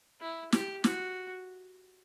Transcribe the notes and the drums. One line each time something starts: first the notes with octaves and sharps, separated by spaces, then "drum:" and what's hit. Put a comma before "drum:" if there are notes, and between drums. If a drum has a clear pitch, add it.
E4
G4, drum: snare
F#4, drum: snare